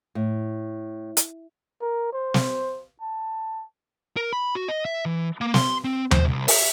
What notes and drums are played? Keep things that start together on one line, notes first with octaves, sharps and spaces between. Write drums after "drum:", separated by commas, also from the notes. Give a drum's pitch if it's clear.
A2
drum: hi-hat
A#4
C5
drum: snare
A5
A#4
B5
F#4
D#5
E5
E3
A#3
C6, drum: snare
C4
C5, drum: tom D#2
C2
E5, drum: open hi-hat